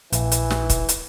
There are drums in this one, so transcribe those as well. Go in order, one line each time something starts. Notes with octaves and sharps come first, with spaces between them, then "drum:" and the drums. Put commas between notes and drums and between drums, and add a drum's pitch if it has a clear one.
A#1 E3, drum: hi-hat
drum: hi-hat
drum: snare
drum: kick, hi-hat
drum: hi-hat